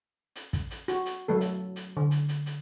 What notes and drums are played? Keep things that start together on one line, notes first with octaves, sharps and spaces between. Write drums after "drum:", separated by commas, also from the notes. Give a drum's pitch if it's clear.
drum: hi-hat
drum: kick, hi-hat
drum: hi-hat
F#4, drum: hi-hat
drum: hi-hat
F#3 A3 A4
drum: hi-hat
drum: hi-hat
D3
drum: hi-hat
drum: hi-hat
drum: hi-hat